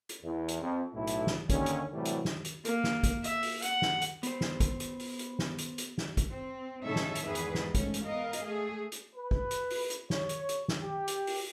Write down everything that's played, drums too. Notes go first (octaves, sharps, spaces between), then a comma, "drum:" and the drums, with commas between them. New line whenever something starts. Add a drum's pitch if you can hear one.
drum: hi-hat
E2
drum: hi-hat
F2
B1 A2 E4
drum: hi-hat
drum: snare
D#2 D3 C#4, drum: kick, hi-hat
drum: hi-hat
A2 C3 E3 F#3 G3 A3
drum: hi-hat
drum: snare
drum: hi-hat
A#3, drum: hi-hat
drum: snare
drum: kick, hi-hat
E5, drum: hi-hat
drum: open hi-hat
F#5, drum: hi-hat
drum: snare
drum: hi-hat
B3 C5, drum: hi-hat
drum: snare
drum: kick, hi-hat
drum: hi-hat
drum: open hi-hat
drum: hi-hat
drum: snare
drum: hi-hat
drum: hi-hat
drum: snare
drum: kick, hi-hat
C4
A2 C#3 D#4 A4 C#5 E5
drum: snare
drum: hi-hat
E2 G#2 D#3 G#4 B4
drum: hi-hat
drum: snare
G#2 A3 C#4, drum: kick, hi-hat
drum: hi-hat
B3 A#4 D#5 F5
drum: hi-hat
A3 G#4
drum: hi-hat
B4
drum: kick
drum: hi-hat
drum: open hi-hat
drum: hi-hat
C#5, drum: snare
drum: hi-hat
drum: hi-hat
drum: snare
G4
drum: hi-hat
drum: open hi-hat